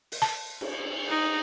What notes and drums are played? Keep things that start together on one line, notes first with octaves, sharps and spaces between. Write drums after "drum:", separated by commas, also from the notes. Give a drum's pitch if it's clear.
drum: open hi-hat
A5
drum: cymbal
D#4